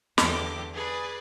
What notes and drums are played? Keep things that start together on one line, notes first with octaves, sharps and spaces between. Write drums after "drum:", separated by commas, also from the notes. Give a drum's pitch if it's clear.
E2 D3 G4 D6, drum: snare
G#4 B4 D5